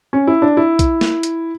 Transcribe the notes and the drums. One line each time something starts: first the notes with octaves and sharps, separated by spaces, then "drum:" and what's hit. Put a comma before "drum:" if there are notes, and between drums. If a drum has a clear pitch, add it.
C#4
E4
D4
E4
drum: kick, hi-hat
drum: snare
drum: hi-hat